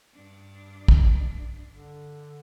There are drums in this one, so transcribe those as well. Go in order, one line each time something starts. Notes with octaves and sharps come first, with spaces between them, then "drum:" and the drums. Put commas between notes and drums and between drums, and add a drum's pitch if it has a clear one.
G2 D4
drum: kick
D3